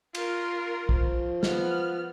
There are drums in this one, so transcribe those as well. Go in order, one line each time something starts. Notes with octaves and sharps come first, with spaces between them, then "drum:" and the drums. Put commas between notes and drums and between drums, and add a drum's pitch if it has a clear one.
F4 A#4, drum: cymbal
F3, drum: kick
B3 F6, drum: snare